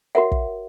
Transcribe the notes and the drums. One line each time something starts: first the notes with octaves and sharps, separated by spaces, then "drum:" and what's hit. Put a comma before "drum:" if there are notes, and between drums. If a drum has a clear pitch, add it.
F#4 A#4 C#5 E5 F#5
drum: kick